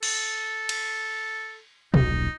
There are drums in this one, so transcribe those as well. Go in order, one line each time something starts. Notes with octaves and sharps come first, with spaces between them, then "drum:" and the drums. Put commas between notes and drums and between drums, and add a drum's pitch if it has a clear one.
A4, drum: cymbal
drum: cymbal
D#1 B1 D#4, drum: tom